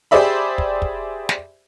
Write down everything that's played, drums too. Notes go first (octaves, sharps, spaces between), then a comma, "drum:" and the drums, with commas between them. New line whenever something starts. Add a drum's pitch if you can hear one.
G4 G#4 C5 D5 E5 B5
drum: kick
drum: kick
drum: snare